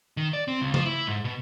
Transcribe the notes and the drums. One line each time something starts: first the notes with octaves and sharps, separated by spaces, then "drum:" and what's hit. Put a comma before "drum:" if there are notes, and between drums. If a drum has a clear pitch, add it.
D#3
D5
C4
C#2
F3, drum: tom C#3
E4
G#2
B2